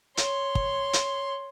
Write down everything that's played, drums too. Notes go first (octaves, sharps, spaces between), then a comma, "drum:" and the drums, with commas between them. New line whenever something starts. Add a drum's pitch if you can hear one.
C#5 C6, drum: hi-hat
drum: kick
drum: hi-hat